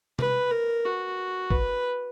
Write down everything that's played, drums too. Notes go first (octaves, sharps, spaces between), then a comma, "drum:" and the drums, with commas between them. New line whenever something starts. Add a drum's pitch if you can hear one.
B4, drum: tom C3
A#4
F#4
B4, drum: kick